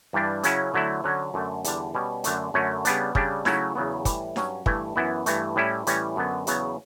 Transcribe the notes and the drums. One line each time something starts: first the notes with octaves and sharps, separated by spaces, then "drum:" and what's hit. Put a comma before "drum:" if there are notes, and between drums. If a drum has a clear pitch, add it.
G2 E3 G3 D4
C#3 F#3 C#4 E4, drum: hi-hat
D3 F#3 A3 E4
D3 F#3 C#4
F#2 D3 A3
E2 D3 G3 D4, drum: hi-hat
B2 G3 C#4
F#2 D3 A3 D4, drum: hi-hat
F#2 D3 F#3 A3 C#4
C#3 G3 B3 D4, drum: hi-hat
C#3 G3 D4, drum: kick
C#3 F#3 A3 C#4 E4, drum: snare D#4
E2 C#3 F#3 B3
A2 E3 G3, drum: kick, hi-hat
G2 F#3 C#4, drum: snare D#4
G2 E3 A3 E4, drum: kick
F#2 E3 B3 E4
G2 E3 A3, drum: hi-hat
A2 G3 C#4 E4
A2 E3 G3 C#4, drum: hi-hat
F#2 D3 F#3 B3
E2 C#3 F#3 B3, drum: hi-hat